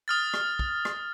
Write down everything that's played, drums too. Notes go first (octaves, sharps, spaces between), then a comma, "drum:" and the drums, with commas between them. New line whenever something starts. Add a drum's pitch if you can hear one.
D#6 F6 A6
drum: rim click
drum: kick
drum: rim click